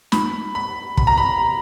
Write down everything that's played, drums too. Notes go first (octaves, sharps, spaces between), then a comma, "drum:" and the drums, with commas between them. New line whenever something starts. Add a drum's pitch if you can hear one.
B5, drum: snare
B5
B5, drum: kick
A#5
B5